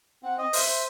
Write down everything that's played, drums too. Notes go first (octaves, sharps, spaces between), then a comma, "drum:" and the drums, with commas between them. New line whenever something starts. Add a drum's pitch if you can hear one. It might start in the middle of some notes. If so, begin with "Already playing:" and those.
C4 F#5
D#5
C5 E5, drum: open hi-hat
C5